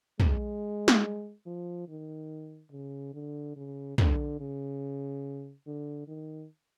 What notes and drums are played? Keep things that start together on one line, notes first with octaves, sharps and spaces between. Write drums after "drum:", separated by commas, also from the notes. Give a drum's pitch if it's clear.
G#3, drum: tom
drum: snare
F3
D#3
C#3
D3
C#3
D3, drum: tom
C#3
D3
D#3